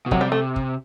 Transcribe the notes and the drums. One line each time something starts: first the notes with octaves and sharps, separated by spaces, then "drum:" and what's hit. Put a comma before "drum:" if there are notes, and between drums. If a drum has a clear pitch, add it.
B2
C3 F#3, drum: kick
G3
A3
drum: kick